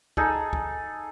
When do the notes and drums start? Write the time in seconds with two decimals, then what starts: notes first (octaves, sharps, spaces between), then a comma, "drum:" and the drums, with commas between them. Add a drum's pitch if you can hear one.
0.17 D#4 G#4 A4, drum: kick
0.53 drum: kick